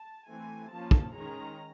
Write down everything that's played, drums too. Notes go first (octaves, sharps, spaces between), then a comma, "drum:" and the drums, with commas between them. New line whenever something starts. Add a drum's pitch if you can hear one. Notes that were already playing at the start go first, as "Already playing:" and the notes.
Already playing: A5
E3 A3 C4 G#5
F3 A#3 C#4 A5
drum: kick
D#3 G#3 C#4 A#5